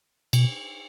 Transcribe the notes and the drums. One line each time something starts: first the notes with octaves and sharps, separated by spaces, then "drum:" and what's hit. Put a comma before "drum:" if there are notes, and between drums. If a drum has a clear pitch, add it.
B2, drum: cymbal